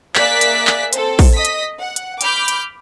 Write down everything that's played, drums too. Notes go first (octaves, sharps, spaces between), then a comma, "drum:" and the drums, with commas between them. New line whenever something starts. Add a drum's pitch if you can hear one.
A#3 G#4 D5 E5 F#6 B6, drum: clap
drum: hi-hat
drum: clap
C4 A4 C5, drum: hi-hat
drum: kick, open hi-hat
D#5 D#6 B6
drum: hi-hat
F#5
drum: hi-hat
B5 D6 F6 G6, drum: hi-hat
drum: hi-hat